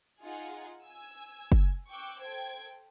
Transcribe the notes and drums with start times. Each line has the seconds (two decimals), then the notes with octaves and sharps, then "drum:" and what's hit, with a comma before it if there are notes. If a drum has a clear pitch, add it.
0.22 D#4 F4 G#4 F#5 G#5
0.85 G#5 E6 G#6
1.52 drum: kick F#1
1.89 G5 C#6 D6 E6 F#6 G6
2.23 A4 C5 G5 G#6 D7